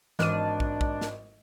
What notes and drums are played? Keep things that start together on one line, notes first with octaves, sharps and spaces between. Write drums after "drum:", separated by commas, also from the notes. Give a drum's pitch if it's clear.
G#1 E3 D4 D#5 F6 D#7, drum: snare
drum: kick
drum: kick
drum: snare